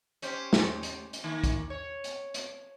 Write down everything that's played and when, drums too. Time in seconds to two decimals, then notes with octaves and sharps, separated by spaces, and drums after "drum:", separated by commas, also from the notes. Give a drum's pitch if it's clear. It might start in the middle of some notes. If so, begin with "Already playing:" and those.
0.22 C#4 G4 C5, drum: hi-hat
0.53 drum: snare
0.83 drum: hi-hat
1.13 drum: hi-hat
1.24 D#3 A#3
1.44 drum: kick, hi-hat
1.70 C#5
2.04 drum: hi-hat
2.34 drum: hi-hat